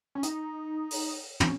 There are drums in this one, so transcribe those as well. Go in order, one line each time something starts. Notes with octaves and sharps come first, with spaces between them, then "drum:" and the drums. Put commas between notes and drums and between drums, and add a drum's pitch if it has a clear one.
C#4
D#4, drum: hi-hat
drum: open hi-hat
C#4, drum: tom